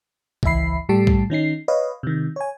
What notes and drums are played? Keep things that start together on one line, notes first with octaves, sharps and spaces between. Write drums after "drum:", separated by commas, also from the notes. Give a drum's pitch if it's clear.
G#1 C#2 E3 E5 B5 C7, drum: kick B1
A2 G3 A3 G4 A5 C7
drum: kick B1
D#3 C#4 D#4 C7
B4 C#5 D#5 F5
C3 D#3
C#5 G#5